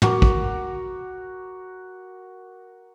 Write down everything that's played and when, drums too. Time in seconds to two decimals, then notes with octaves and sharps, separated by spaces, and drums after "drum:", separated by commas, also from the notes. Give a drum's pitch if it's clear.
0.02 F#4 A#4 D6, drum: tom
0.22 drum: kick